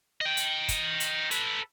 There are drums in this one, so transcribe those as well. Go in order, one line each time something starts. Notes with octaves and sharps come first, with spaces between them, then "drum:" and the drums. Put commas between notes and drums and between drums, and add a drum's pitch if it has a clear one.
D#5 G5
drum: hi-hat
drum: kick, hi-hat
drum: hi-hat
A4 B4, drum: hi-hat